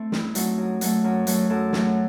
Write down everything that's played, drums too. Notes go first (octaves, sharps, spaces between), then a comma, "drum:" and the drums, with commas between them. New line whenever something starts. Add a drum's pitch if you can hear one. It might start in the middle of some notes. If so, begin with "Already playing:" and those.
Already playing: A3 C4
G2 E4, drum: snare
F#3 A3 C4 D#4 F#4, drum: hi-hat
F#2
F#3 A3, drum: hi-hat
F#2
F#3 A3, drum: hi-hat
F#2 A4
F#3 A3, drum: snare